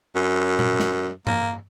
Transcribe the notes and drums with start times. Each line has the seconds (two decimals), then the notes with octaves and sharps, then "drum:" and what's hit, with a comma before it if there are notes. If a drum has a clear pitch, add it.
0.15 F#2
0.59 drum: tom A#2
0.80 drum: snare
1.27 A#3, drum: tom G2